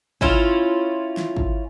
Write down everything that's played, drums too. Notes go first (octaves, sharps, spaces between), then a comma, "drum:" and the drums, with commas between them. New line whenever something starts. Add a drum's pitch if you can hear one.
C#4 E4 F4, drum: kick G#1
drum: snare
drum: kick G#1